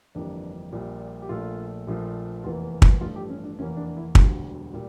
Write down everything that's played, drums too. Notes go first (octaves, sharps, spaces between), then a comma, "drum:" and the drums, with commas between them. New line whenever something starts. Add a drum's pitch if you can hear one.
G1 F2 E3 G3 A#3 D4
A#1 A#2 G3
G4
A#1 A#2 A3 F4
A#1 A#2 F3 A3
F1 E2 E3 A#3 F4
E4, drum: kick
A1 G2 F3 A3 F4
G4
C#4
D4
F1 E2 E3 A#3 C#4
D4
D4
E4
E1 D2 D3 G3 F4, drum: kick
A#2 G3